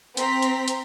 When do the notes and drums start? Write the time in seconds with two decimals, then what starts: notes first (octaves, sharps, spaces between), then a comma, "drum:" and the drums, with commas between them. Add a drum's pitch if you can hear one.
0.17 C4 A#5 C6 B6, drum: hi-hat
0.42 drum: hi-hat
0.68 drum: hi-hat